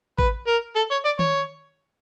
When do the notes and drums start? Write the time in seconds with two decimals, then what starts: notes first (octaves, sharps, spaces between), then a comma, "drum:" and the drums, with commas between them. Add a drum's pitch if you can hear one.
0.19 B4, drum: kick G#1
0.47 A#4
0.76 A4
0.91 C#5
1.05 D5
1.19 C#5, drum: tom D#3